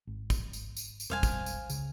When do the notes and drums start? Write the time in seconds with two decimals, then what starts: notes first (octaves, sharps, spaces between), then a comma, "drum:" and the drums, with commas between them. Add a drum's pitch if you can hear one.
0.07 G#1
0.30 drum: kick, tambourine
0.53 drum: tambourine
0.77 drum: tambourine
1.00 drum: tambourine
1.10 E1 G3 C5 F5 G#5
1.23 drum: kick, tambourine
1.46 drum: tambourine
1.70 C#2 C#3, drum: tambourine